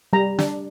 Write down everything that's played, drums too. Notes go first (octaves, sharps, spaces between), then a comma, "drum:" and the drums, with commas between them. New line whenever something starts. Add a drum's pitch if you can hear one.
G3 A#5
D4, drum: snare